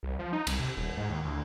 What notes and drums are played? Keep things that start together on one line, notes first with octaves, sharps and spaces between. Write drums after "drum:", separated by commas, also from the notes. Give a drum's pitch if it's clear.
C2
F3
D#4
C2, drum: cymbal
C3
D#1
G#2
D#2
D2